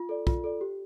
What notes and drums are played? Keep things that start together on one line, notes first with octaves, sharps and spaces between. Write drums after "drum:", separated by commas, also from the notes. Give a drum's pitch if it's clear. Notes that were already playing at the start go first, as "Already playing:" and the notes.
Already playing: F4
A4 D5
F4, drum: kick
A4 D5
G4